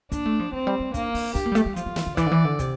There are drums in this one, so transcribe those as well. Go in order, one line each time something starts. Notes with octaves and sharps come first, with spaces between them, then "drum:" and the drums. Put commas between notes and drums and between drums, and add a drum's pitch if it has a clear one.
A#3 D4, drum: kick, hi-hat
A3
F3
F3 C4
G3
G3
A#3 D4, drum: kick, hi-hat
D4, drum: open hi-hat
D4 G4, drum: kick, hi-hat
A#3
G3
A3, drum: hi-hat
G3
F3 F4, drum: hi-hat
F3
E3, drum: snare
D3
E3 D5, drum: kick, hi-hat
D3
E3
D3
C3, drum: kick, hi-hat